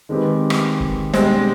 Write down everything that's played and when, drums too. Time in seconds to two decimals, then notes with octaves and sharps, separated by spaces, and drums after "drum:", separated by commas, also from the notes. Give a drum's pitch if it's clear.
0.09 D#3 G#3 C4 G4 B4
0.50 drum: rim click
0.80 drum: kick
1.13 B2 G3 G#3 C4 D4 G4, drum: snare